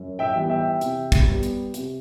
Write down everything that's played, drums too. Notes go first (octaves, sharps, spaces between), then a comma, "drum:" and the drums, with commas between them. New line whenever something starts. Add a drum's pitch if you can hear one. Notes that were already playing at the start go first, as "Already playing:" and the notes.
Already playing: F#2
E5 G5
E3 G3 B3
E5 G5
C3, drum: hi-hat
drum: kick, hi-hat
G3 B3
drum: hi-hat
C3, drum: hi-hat